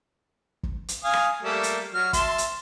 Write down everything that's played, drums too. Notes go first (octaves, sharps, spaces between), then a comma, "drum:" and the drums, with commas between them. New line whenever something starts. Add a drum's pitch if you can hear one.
drum: kick
drum: hi-hat
F5 G#5 D#6
drum: rim click
G3 A3 A#3
drum: hi-hat
F#3 F6
E5 A5 C6, drum: kick, hi-hat
drum: hi-hat